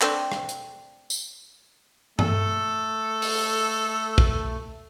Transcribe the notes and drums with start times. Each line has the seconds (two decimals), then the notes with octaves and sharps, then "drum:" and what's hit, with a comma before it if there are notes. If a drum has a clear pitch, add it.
0.01 A3 C4 D4, drum: clap
0.32 drum: rim click
0.49 drum: hi-hat
1.10 drum: tambourine
2.19 A3 A4, drum: tom G2
3.22 drum: open hi-hat
4.18 drum: kick